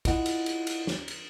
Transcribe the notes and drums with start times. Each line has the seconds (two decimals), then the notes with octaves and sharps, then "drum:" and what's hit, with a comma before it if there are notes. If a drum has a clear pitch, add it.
0.05 E4 F4 D#5 F#5, drum: kick, cymbal
0.26 drum: cymbal
0.46 drum: cymbal
0.67 drum: cymbal
0.87 drum: snare
1.08 drum: cymbal